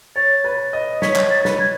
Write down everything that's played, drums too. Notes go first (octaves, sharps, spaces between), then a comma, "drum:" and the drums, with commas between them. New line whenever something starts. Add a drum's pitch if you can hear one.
C#5 A6
B4
D#5
C#5 B6, drum: snare
drum: clap
A6
B4, drum: snare
G#6